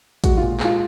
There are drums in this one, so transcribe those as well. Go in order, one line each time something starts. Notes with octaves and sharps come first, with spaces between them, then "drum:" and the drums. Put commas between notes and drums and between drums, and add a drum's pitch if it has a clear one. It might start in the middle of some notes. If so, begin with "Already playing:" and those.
G#3 F#4, drum: kick A1, hi-hat
A#2 F4
G#3 F4, drum: clap